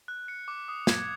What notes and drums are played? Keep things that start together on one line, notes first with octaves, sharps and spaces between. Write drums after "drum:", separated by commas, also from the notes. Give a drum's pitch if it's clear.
F#6
C#7
D6
D#6
G#6, drum: snare